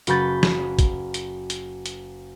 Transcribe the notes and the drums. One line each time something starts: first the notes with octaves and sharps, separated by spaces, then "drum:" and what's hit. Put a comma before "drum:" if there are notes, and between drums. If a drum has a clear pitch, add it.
F#1 F#4 B4 B5 G6 A6, drum: hi-hat
drum: snare
drum: kick, hi-hat
drum: hi-hat
drum: hi-hat
drum: hi-hat